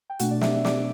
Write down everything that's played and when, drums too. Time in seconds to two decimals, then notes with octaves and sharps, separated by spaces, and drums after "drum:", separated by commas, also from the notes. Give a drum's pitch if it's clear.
0.10 G5
0.20 B2 A3 D4 F#4 F#5, drum: hi-hat
0.31 D5
0.41 E5, drum: snare
0.65 D5 D6, drum: snare